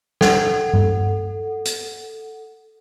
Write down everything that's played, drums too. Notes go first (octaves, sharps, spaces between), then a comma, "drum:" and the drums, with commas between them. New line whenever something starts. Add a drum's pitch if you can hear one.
A4 F#5, drum: snare
drum: tom G2
drum: hi-hat